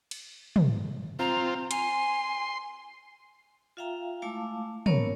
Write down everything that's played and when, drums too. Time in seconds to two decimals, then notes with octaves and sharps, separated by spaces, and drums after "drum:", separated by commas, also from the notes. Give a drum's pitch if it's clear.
0.11 drum: cymbal
0.56 drum: tom
1.19 C4 F4 A#5
1.71 G#5 C6, drum: hi-hat
3.77 F4 E5 F5 G5 A#5
4.22 G#3 A3 E4 F5 A5 D6
4.86 A#3 B3 C#4 A#4 C#5, drum: tom